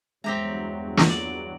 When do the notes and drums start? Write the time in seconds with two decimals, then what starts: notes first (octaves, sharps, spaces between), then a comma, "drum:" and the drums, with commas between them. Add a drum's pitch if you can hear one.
0.24 E2 G2 F#3 G#3 C4 G4 E5 A#5
0.97 drum: snare
1.09 D5